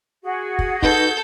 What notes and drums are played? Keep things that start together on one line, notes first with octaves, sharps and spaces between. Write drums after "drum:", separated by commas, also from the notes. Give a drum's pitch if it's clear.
F#4 G#4
drum: kick
D#4 A4 B4 G6, drum: kick